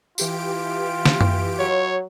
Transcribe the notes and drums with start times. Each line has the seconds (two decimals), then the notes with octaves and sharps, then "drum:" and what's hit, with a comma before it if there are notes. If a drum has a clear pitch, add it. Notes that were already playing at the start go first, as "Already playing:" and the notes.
0.18 E3 F4 G4 D7, drum: tambourine
1.06 drum: snare
1.21 drum: tom F#2
1.59 F#3 C#5